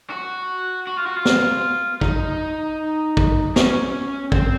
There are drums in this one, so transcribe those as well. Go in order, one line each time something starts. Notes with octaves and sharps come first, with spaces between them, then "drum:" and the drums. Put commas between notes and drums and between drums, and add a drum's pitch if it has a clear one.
F#4
F#4
F4
F#4
F4
drum: snare
D#4, drum: kick
drum: kick
C#4, drum: snare
C4, drum: kick